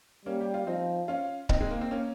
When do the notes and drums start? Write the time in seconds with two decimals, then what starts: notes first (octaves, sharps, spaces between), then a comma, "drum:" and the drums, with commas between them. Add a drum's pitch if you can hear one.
0.25 G3 A#3 C#4
0.41 G4
0.54 F4
0.67 F3 C4 D#4
1.08 C#4 F4
1.49 C4 D#4, drum: kick C#1
1.61 G#3
1.71 A#3
1.81 C4
1.91 A#3 C#4